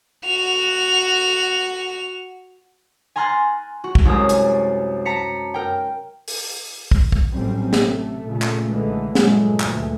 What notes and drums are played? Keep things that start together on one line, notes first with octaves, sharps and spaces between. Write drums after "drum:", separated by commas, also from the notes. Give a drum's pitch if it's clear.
F#4 F7
G#5 A#5 C6 F6 F#6 A6
F#4
drum: kick
C2 F#2 G#3 A#4 D#6
drum: hi-hat
A5 A#5 B6 C#7
A#4 G5
drum: open hi-hat
drum: kick
drum: kick
A1 A2 F#3 G3 C4 C#4
C3 A3, drum: snare
A#2 C#3 A3
drum: clap
B1 D3 E3 G#3 A3
G2 A#2 E3 F#3 G#3 A3, drum: snare
D2 A#2 E3 A3, drum: clap